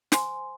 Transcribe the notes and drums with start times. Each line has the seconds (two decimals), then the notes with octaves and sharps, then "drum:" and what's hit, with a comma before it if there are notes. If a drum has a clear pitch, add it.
0.12 C5 G#5 C6, drum: snare